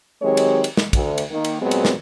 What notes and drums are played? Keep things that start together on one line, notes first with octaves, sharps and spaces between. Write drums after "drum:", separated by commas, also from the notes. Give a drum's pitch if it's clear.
D#3 F#3 G#3 C4 G4 C#5
drum: cymbal
drum: cymbal
drum: snare
D2, drum: kick, cymbal
drum: cymbal
D#3 A#3
drum: cymbal
A#2 F#3 G#3 B3 C4
drum: cymbal
drum: snare